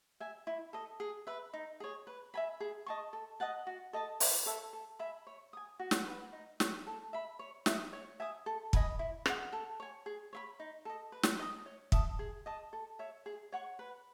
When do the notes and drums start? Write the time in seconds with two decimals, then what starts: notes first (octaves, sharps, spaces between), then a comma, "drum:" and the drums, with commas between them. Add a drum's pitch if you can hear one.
0.20 E5 G#5
0.47 E4
0.73 A4 D#5
1.00 G#4
1.27 B4 E5
1.53 D#4
1.80 G#4 C#5
2.07 B4
2.34 E5 G#5 B5
2.60 G#4
2.86 D#5 A5 C#6
3.13 A4
3.40 D#5 F#5 A5
3.67 F#4
3.93 A4 D#5 A5
4.20 E4, drum: open hi-hat
4.46 A4 C#5 E5
4.73 A4
4.99 E5 G#5 B5
5.27 C#5
5.53 G#5 D#6
5.79 F#4
5.91 drum: snare
6.06 B4 F#5
6.33 D#4
6.60 G#4 C#5, drum: snare
6.87 A4
7.13 E5 B5
7.39 C#5
7.66 E5 B5 D#6, drum: snare
7.93 C#5
8.20 E5 G#5 D#6
8.46 A4
8.73 D#5 G#5 B5, drum: kick
8.99 E4
9.26 G#4 D#5 F#5, drum: rim click
9.52 A4
9.80 C#5 G#5
10.06 G#4
10.33 C#5 E5 B5
10.60 D#4
10.85 A4 D#5
11.12 B4
11.23 drum: snare
11.39 D#5 A5 D#6
11.66 C#5
11.92 E5 A5 D#6, drum: kick
12.19 G#4
12.46 D#5 A5 D#6
12.73 A4
12.99 C#5 E5
13.26 G#4
13.52 C#5 F#5 C#6
13.79 B4